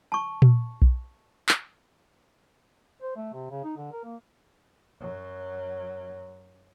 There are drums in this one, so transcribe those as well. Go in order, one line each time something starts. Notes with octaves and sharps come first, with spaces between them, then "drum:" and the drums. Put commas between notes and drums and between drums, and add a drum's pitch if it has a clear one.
A5 C#6
drum: tom A#2
drum: kick B1
drum: clap
C5
A3
C3
C#3
D#4
D3
A#4
A#3
F#2 F#3